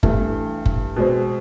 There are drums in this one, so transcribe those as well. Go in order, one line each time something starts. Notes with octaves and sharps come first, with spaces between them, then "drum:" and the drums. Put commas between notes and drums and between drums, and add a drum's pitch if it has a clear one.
G2 E3 A3, drum: kick F#1
drum: kick F#1
B2 G#3 C4